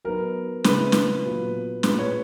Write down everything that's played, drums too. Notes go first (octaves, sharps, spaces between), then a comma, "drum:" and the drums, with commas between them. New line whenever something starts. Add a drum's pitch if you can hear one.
F#3 B3 D#4 A#4
C#3 G#3 C#4 E4 B4, drum: snare
drum: snare
A#2 F#3 B3
A#2 G#3 D#4 B4, drum: snare
C#5